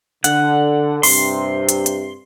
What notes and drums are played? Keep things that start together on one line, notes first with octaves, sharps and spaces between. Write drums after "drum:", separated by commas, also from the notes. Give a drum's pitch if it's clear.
D3 F#5, drum: hi-hat
G2 C3 C6, drum: open hi-hat
drum: hi-hat
drum: hi-hat